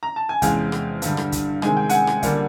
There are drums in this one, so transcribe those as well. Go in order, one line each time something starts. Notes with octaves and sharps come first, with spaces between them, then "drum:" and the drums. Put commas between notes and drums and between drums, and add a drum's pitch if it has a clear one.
A#5
A5
G#5
E2 C3 F3 G#3 C#4 F5 G5, drum: kick, hi-hat
drum: rim click
G2 D3 G3, drum: hi-hat
drum: rim click
drum: kick, hi-hat
C3 D#3 G#3 G#5, drum: rim click
G5
F#5 G#5, drum: hi-hat
drum: rim click
D3 G3 A#3 D4 F4, drum: kick, hi-hat